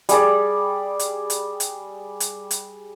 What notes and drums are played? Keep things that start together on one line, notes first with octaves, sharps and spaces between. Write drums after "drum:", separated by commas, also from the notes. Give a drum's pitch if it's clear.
G3 G#4 D5, drum: hi-hat
drum: hi-hat
drum: hi-hat
drum: hi-hat
drum: hi-hat
drum: hi-hat